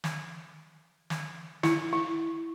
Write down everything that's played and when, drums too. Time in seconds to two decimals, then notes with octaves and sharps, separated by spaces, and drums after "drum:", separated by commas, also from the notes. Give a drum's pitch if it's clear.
0.04 drum: snare
1.10 drum: snare
1.63 E4, drum: snare
1.93 E4